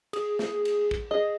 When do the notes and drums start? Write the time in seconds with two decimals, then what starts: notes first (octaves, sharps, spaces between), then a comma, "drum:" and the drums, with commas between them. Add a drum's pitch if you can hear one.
0.13 G#4, drum: cymbal
0.39 drum: snare
0.65 drum: cymbal
0.91 drum: kick
1.11 G#4 D#5